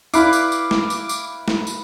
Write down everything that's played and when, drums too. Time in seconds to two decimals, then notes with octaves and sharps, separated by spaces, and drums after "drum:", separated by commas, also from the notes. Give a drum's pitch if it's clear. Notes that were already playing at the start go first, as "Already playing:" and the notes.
0.14 E4 B4 F5 D6, drum: tambourine
0.33 drum: tambourine
0.52 drum: tambourine
0.71 drum: snare
0.90 drum: tambourine
1.09 drum: tambourine
1.48 drum: snare
1.67 drum: tambourine